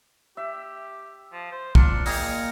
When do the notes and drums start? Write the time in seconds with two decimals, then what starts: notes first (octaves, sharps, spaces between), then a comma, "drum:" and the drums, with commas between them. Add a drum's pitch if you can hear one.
0.37 G4 E5
1.32 F3
1.52 C5
1.75 D4 F4 A#5 F6 C#7, drum: kick
2.06 A#2 D#4 G#4 G5 A#6 F7, drum: open hi-hat